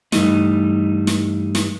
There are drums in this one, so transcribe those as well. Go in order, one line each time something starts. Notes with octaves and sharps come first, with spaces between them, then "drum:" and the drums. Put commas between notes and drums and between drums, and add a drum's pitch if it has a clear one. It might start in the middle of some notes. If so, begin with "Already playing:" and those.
G2 E3 G3 A3 D#4, drum: snare
drum: snare
drum: snare